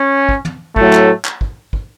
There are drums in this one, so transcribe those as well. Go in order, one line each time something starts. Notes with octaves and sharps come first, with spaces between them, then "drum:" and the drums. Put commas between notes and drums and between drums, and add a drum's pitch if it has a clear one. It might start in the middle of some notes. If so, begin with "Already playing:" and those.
Already playing: C#4
drum: kick
drum: tom
A2 F#3 A3, drum: kick
drum: clap
drum: clap
drum: kick
drum: kick